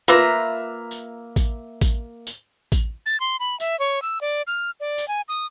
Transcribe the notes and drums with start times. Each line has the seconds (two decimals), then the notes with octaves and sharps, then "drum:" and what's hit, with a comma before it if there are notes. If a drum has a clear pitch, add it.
0.08 A#3 F4 B4 E5 A#5
0.91 drum: tambourine
1.36 drum: kick A1, tambourine
1.81 drum: kick A1, tambourine
2.27 drum: tambourine
2.72 drum: kick A1, tambourine
3.06 A6
3.20 C6
3.40 B5
3.60 E5, drum: tambourine
3.79 C#5
4.02 E6
4.21 D5
4.47 F6
4.80 D5
4.98 drum: tambourine
5.08 G#5
5.29 D#6